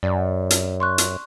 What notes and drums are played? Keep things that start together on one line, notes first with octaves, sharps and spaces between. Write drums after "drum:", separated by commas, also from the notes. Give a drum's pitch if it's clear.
F#2 D5
drum: hi-hat
C6 C#6 F#6
drum: hi-hat